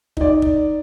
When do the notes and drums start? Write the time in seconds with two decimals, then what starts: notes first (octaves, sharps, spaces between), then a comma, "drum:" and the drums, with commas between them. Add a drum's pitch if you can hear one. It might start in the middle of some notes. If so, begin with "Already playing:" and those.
0.17 D#4 D5, drum: kick
0.42 drum: kick